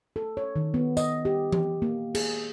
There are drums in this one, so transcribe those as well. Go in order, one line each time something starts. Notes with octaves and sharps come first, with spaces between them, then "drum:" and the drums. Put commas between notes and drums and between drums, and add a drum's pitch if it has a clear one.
A4
C#5
D#3
B3
D#5, drum: tambourine
G4
G4, drum: tom E3
A#3
G#4, drum: cymbal